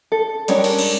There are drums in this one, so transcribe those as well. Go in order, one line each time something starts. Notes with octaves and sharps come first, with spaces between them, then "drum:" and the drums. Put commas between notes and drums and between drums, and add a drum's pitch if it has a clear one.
A4
G3 G#3 C#4 D4 A#4, drum: hi-hat
drum: open hi-hat
drum: cymbal